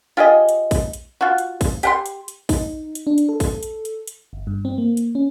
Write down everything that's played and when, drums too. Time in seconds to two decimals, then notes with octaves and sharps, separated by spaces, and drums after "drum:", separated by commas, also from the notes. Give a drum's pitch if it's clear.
0.17 F4 G4 G#4 D#5
0.49 drum: hi-hat
0.71 drum: kick, open hi-hat
0.93 drum: hi-hat
1.21 F4 F#4
1.38 drum: hi-hat
1.61 drum: kick, open hi-hat
1.83 G4 F#5 C6, drum: hi-hat
2.06 drum: hi-hat
2.28 drum: hi-hat
2.49 D#4, drum: kick, open hi-hat
2.95 drum: hi-hat
3.07 D4
3.18 drum: hi-hat
3.29 A4
3.40 drum: kick, open hi-hat
3.63 drum: hi-hat
3.85 drum: hi-hat
4.07 drum: hi-hat
4.33 G1
4.47 G2
4.65 C4
4.78 A#3
4.97 drum: hi-hat
5.15 C#4